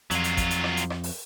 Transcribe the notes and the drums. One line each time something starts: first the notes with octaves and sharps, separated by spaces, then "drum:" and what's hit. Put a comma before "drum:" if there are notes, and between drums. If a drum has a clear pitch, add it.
F2 F#3 F4, drum: hi-hat
drum: hi-hat
drum: kick G#1, hi-hat
drum: hi-hat
drum: rim click
drum: hi-hat
drum: rim click
drum: open hi-hat